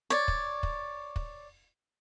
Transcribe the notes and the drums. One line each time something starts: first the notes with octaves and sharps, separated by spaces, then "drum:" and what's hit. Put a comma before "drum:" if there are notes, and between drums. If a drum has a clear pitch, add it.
C#5 D5
drum: kick
drum: kick
drum: kick